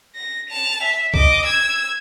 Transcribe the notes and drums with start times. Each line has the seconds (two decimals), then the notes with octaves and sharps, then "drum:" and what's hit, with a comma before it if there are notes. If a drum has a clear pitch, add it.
0.16 A#6
0.49 A5 F7
0.83 E5
1.14 D#5 D6, drum: kick C2
1.45 E6 G#6